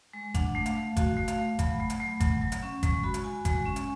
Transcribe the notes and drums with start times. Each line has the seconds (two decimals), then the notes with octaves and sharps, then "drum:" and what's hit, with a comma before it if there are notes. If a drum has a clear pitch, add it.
0.13 G#3
0.34 D4 F#5, drum: kick G#1, hi-hat
0.55 A3
0.66 F5, drum: hi-hat
0.76 A3
0.97 F#4 F5, drum: kick G#1, hi-hat
1.17 A3
1.28 F5, drum: hi-hat
1.39 A3
1.59 F#3 B5, drum: kick G#1, hi-hat
1.80 A3
1.90 drum: hi-hat
2.00 A3
2.20 F#3, drum: kick G#1, hi-hat
2.41 F#3
2.52 drum: hi-hat
2.63 C#4
2.83 G#3 C#6, drum: kick G#1, hi-hat
3.03 F#4 B5
3.14 drum: hi-hat
3.24 F#4 G#5
3.45 G#3, drum: kick G#1, hi-hat
3.65 C#4
3.76 drum: hi-hat